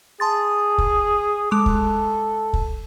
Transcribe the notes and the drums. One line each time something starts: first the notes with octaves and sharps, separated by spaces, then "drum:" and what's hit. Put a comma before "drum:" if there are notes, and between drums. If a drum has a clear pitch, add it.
G#4 A5 C6 A6
drum: kick
G#3 A4 D6
drum: kick
drum: kick